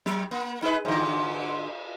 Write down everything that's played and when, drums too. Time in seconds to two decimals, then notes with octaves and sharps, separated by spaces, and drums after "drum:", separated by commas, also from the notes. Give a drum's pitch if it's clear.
0.06 F#3, drum: snare
0.31 A#3
0.62 D#4 G#4 B4
0.85 G#2 D3, drum: cymbal